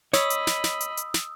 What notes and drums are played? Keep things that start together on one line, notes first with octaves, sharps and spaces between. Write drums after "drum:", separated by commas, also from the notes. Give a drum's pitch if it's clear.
C#5 D#5 B5 D#6 E6, drum: snare
drum: hi-hat
drum: snare
drum: snare
drum: hi-hat
drum: hi-hat
drum: snare